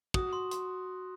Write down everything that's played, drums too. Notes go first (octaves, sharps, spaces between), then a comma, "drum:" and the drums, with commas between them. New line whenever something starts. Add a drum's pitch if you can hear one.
F#4 D#6, drum: kick
C6
C6, drum: hi-hat